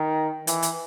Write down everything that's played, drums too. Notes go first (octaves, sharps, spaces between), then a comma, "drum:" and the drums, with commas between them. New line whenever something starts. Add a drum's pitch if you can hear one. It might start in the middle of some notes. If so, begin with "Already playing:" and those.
Already playing: D#3
E3, drum: hi-hat
drum: hi-hat